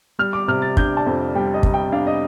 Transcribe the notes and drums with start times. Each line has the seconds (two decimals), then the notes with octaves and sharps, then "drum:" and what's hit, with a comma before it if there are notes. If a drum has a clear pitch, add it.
0.19 G3 F6
0.33 D6
0.48 C3 F6
0.62 A6
0.77 D4 G6, drum: kick
0.97 A5
1.06 F2
1.35 G3 G5
1.54 D#5
1.63 C3, drum: kick
1.74 G5
1.92 D4 F5
2.07 D#5